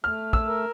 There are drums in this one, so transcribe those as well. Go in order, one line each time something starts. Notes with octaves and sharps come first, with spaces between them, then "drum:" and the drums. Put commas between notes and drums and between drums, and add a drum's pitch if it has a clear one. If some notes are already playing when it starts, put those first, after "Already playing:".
A3 F6
E6, drum: kick
A#4